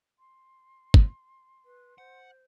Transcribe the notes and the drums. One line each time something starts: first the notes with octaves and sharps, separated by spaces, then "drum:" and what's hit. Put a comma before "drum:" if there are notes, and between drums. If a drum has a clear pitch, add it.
C6
drum: kick
B4
C5 F#5